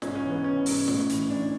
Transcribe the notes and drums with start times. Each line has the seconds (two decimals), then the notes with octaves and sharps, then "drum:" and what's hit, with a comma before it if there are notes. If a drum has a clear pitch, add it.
0.02 G#2 C#4, drum: snare
0.15 C#4
0.24 E3
0.30 B3
0.44 E3 C#4
0.66 G#2, drum: open hi-hat
0.88 A2, drum: snare
1.10 E3, drum: hi-hat
1.30 E3 D4